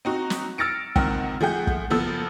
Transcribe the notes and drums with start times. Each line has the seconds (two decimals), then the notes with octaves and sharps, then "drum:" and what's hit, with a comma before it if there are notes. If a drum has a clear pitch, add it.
0.05 C4 D#4 F#4
0.30 drum: snare
0.58 E6 F6 A6 A#6 C#7 D7
0.96 C#2 D#3 C4 F#5, drum: kick
1.41 F3 A3 G#4 F#5 G6
1.67 drum: kick
1.90 F#1 F3 B3 A4 E6